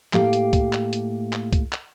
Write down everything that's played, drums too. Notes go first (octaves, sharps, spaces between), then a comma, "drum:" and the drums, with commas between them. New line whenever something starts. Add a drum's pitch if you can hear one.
A2 A#3 G4 F5 G5, drum: clap
drum: hi-hat
drum: kick C2, hi-hat
drum: clap
drum: hi-hat
drum: clap
drum: kick C2, hi-hat
drum: clap